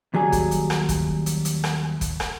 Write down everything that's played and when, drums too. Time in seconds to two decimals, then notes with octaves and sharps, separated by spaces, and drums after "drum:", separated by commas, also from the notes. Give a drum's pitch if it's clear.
0.14 D#2 F#3 G3 G#4
0.32 drum: kick, hi-hat
0.51 drum: hi-hat
0.70 drum: rim click
0.89 drum: kick, hi-hat
1.26 drum: hi-hat
1.45 drum: hi-hat
1.64 drum: rim click
2.01 drum: kick, hi-hat
2.20 drum: rim click